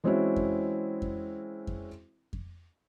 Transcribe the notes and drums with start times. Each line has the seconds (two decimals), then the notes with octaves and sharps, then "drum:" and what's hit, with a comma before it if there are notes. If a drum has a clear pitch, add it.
0.04 E3 G#3 C4 C#4 E4 F#4
0.36 drum: kick F2
1.02 drum: kick F2
1.67 drum: kick F2
2.33 drum: kick F2